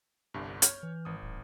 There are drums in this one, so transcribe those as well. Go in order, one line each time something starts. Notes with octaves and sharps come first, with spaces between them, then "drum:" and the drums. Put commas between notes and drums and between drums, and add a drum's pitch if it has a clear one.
G1 C2 G2
C#5 F6 G6, drum: hi-hat
E3
G#1 D#6
D1